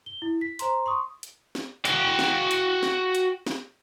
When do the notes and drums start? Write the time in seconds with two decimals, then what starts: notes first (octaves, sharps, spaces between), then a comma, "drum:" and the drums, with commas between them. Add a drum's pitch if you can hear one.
0.06 G7
0.22 E4
0.41 B6
0.59 C5 A#5 C6, drum: hi-hat
0.86 C6 C#6 D#6
1.23 drum: hi-hat
1.55 drum: snare
1.85 F#4 G5, drum: hi-hat
2.19 drum: snare
2.51 drum: hi-hat
2.83 drum: snare
3.15 drum: hi-hat
3.47 drum: snare